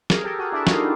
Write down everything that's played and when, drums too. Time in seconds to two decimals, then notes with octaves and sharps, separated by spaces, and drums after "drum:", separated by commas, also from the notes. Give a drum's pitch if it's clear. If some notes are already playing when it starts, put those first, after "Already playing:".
0.10 G#4 A#4, drum: snare
0.24 G4 A4
0.38 F#4 G#4
0.52 D4 E4
0.67 D#4 F4, drum: snare